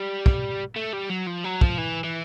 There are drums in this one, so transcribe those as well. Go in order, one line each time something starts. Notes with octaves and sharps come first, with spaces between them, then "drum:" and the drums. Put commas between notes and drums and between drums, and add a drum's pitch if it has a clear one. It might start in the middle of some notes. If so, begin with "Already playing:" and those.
Already playing: G3
drum: kick
A3
G3
F#3
F3
F#3
F3, drum: kick
E3
E3